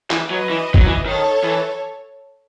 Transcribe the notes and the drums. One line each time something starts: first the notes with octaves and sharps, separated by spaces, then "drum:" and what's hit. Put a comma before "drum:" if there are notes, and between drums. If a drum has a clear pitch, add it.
E3, drum: clap
F#3 B4 D#5
E3
F#3, drum: kick G1
E3
D#3 A4 C#5
E3